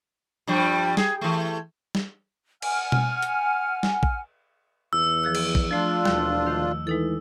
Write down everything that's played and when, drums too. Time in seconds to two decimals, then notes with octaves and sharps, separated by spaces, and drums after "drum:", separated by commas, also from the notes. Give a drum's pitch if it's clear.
0.47 G2 F3 G3
0.97 G#4, drum: snare
1.21 E3 A3
1.95 drum: snare
2.62 F#5 G#5 F6, drum: cymbal
2.92 drum: tom B2
3.22 drum: hi-hat
3.83 drum: snare
4.03 drum: kick
4.93 E2 E6
5.23 F3 G#4 F#6
5.35 drum: cymbal
5.55 drum: kick
5.71 F3 A3 D4 F4 F5
6.05 E1 D#2, drum: snare
6.47 D#3 A3
6.87 E3 G#3 D#4 A4